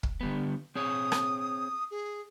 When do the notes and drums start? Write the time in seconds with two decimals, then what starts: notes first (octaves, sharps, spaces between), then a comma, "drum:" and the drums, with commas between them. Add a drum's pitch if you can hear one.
0.03 drum: kick
0.21 D3 G3 B3
0.75 C4 G#4 C#5 D#6
1.12 drum: rim click
1.91 G#4